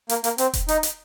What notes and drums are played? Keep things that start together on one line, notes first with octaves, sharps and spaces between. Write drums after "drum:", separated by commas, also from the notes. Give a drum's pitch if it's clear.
A#3, drum: hi-hat
A#3, drum: hi-hat
C4, drum: hi-hat
drum: kick E1, hi-hat
D#4, drum: hi-hat
drum: hi-hat